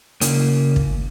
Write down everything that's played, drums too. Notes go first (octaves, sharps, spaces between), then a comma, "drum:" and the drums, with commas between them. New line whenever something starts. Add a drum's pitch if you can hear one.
C#3 A#3, drum: hi-hat
drum: kick